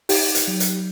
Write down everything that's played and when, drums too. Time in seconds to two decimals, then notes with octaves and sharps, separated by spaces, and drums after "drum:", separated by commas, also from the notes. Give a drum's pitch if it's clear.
0.09 D#4 G4, drum: open hi-hat
0.35 drum: hi-hat
0.48 F#3
0.60 drum: hi-hat